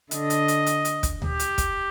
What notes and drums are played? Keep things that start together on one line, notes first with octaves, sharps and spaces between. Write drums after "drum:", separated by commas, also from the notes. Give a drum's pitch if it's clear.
D3 D#5, drum: hi-hat
drum: hi-hat
drum: hi-hat
drum: hi-hat
drum: hi-hat
drum: kick, hi-hat
G4, drum: tom D2
drum: hi-hat
drum: kick, hi-hat